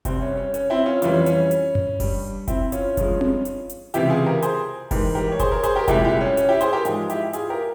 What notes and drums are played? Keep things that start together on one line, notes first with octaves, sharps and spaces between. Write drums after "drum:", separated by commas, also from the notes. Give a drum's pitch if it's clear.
C2 C3 G3 C4, drum: kick F#1, hi-hat
C#4
C#4
C#4, drum: hi-hat
C4 E4
C#4 F4
F2 E3 G3 C#4 F4, drum: hi-hat
C#4, drum: hi-hat
drum: hi-hat
drum: tom F#2
G2 G3, drum: kick F#1, open hi-hat
C4 E4, drum: kick F#1, hi-hat
C#4 F4, drum: hi-hat
G2 F3 G#3, drum: kick F#1, hi-hat
drum: tom C4
drum: hi-hat
drum: hi-hat
C#2 C3 E3 E4 G4, drum: hi-hat
F4 G#4
G4 A#4
G#4 C5, drum: hi-hat
G#2 E3 G3 G4 A#4, drum: kick F#1, open hi-hat
G4 A#4
C#5
G#4 C5, drum: kick F#1, hi-hat
A#4 C#5
G#4 C5, drum: hi-hat
G4 A#4
C2 A#2 G#3 E4 G4, drum: kick F#1, hi-hat
E4 G4
C#4
C#4, drum: hi-hat
E4 G4
G#4 C5, drum: hi-hat
G4 A#4
G#2 F3 G#3 F4 G#4, drum: hi-hat
E4 G4, drum: hi-hat
F4 G#4, drum: hi-hat
G4 A#4